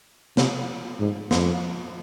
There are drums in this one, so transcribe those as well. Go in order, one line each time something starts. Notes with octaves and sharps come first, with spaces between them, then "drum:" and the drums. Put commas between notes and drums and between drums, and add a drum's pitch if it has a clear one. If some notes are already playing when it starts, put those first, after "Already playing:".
C3, drum: snare
G#2
F2, drum: snare